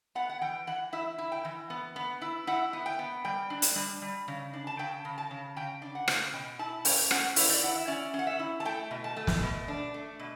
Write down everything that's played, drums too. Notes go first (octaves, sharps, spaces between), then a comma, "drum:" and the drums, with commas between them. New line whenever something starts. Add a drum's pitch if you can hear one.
B3 F#5
F#5
E3 G5
E3 F#5
E4 E5
E4
G5
E3
B3
B3
E4
E4 F#5
B3
G5
B3
G3 G5
D4
drum: hi-hat
G3
G3
C#3
D4
A5
C#3 G5
C#3
A5
C#3
C#3 G5
D4
F#5
C#3, drum: rim click
B2 G5
E4 A5
C#4 G5, drum: open hi-hat
C#4 F#5, drum: rim click
E4, drum: open hi-hat
D5
E4 F#5
E5
C#4 D5
C#4
F#5
E5
E4
A5
A3 G5
B2
A5
A3
drum: snare
B2
D4
A3
B2